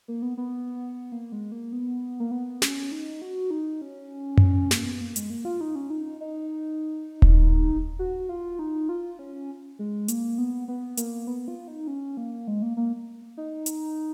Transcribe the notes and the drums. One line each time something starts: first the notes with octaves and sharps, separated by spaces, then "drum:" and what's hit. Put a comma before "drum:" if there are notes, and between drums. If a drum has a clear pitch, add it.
A#3
B3
B3
A#3
G#3
A#3
B3
A#3
B3
C#4, drum: snare
D#4
F#4
D#4
C#4
drum: tom F#2
A#3, drum: snare
B3
A#3
G#3, drum: hi-hat
A#3
F4
D#4
C#4
D#4
D#4
drum: kick D#1
F#4
F4
D#4
F4
C#4
G#3
A#3, drum: hi-hat
B3
B3
A#3, drum: hi-hat
B3
F4
D#4
C#4
A#3
G#3
A#3
A#3
D#4
drum: hi-hat